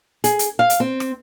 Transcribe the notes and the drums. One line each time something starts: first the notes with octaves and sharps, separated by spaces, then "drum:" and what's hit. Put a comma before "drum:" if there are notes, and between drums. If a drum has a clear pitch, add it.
G#4, drum: hi-hat
drum: hi-hat
F5
drum: hi-hat
C4
drum: rim click